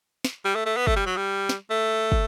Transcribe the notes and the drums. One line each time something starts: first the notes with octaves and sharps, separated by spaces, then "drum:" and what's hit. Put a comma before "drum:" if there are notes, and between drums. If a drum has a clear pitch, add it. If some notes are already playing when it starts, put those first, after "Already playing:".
drum: snare
G3
A3
A3
B3
A3, drum: kick
G3
F#3
G3
drum: snare
A3
drum: kick